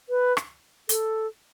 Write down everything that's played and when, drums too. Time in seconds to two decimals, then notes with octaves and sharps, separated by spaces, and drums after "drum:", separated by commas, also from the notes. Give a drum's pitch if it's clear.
0.09 B4
0.37 drum: rim click
0.89 A4, drum: hi-hat